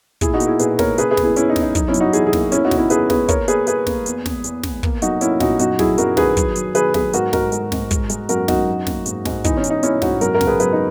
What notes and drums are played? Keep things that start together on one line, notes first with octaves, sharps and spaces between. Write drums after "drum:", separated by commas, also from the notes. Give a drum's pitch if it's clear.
A#2 E4 G#4, drum: kick, hi-hat
D#4 F#4
A#3, drum: hi-hat
E4 G#4
A#2 G#4 B4, drum: hi-hat
A#3 A#4 C#5, drum: snare
C#3 G#4 B4, drum: hi-hat
G#4 B4
E2, drum: snare
E4 G#4
E2 C#4 E4, drum: hi-hat
D#4
E2, drum: snare
D#4
F#2 D#4, drum: kick, hi-hat
C#4 E4
F#2, drum: hi-hat
D#4 F#4
E3 E4 G#4, drum: hi-hat
E4 G#4
A#3, drum: snare
E2 C#4 E4, drum: hi-hat
D#4 F#4
C#3, drum: snare
C#4 E4
E2 G#4 B4, drum: hi-hat
E2 G#4 B4, drum: snare
A#3 A#4 C#5, drum: kick, hi-hat
A#3 G#4 B4, drum: hi-hat
A#3 G#4 B4, drum: hi-hat
A#3, drum: snare
E2, drum: hi-hat
E2, drum: snare
E2, drum: hi-hat
E2, drum: snare
A#3, drum: kick
F#3 D#4 F#4, drum: hi-hat
A#3 C#4 E4, drum: hi-hat
A#2 D#4 F#4, drum: snare
F#2 D#4 F#4, drum: hi-hat
F#3 E4 G#4, drum: snare
F#2 F#4 A#4, drum: hi-hat
D#3 G#4 B4, drum: snare
F#3, drum: kick, hi-hat
F#3, drum: hi-hat
D#3 G#4 B4, drum: hi-hat
F#3 G#4 B4, drum: snare
G#2 F#4 A#4, drum: hi-hat
G#2 F#4 A#4, drum: snare
G#3, drum: hi-hat
G#2, drum: snare
G#3, drum: kick, hi-hat
G#3, drum: hi-hat
F#2 F#4 A#4, drum: hi-hat
F#2 D#4 F#4, drum: snare
F#3
A#3, drum: snare
G#2, drum: hi-hat
G#2, drum: snare
E3 D#4, drum: kick, hi-hat
C#4
E3, drum: hi-hat
D#4
E3 C#4 E4, drum: hi-hat
G#2 D#4 F#4, drum: snare
F#2 F#4 A#4, drum: hi-hat
F#4 A#4
C#3, drum: snare
G#4 B4
F#3 G#4 B4, drum: hi-hat
D#4